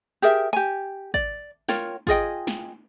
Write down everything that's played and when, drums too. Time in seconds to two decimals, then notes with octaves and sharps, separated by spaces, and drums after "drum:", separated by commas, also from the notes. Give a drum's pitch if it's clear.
0.22 G4 G#4 A#4 E5
0.53 G4 G#5
1.14 D5, drum: kick
1.69 F4 A#4 C#5 G5, drum: snare
2.07 F4 G#4 D#5 G5, drum: kick
2.47 drum: snare